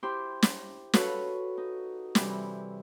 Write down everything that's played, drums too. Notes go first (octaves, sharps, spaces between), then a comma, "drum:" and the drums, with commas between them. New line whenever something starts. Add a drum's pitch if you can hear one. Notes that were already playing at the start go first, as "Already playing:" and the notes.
E4 G4 C5 C6
drum: snare
F#4 A4 B4 C#5 F5, drum: snare
D#4
C3 E3 G3, drum: snare